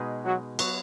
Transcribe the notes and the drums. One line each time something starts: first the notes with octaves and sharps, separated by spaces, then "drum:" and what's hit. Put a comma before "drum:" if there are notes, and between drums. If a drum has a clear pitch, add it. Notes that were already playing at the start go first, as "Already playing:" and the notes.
Already playing: B2 G#3 D#4 G#4 B4
F#3 F#4
F#3 B3 F#4 B4, drum: cymbal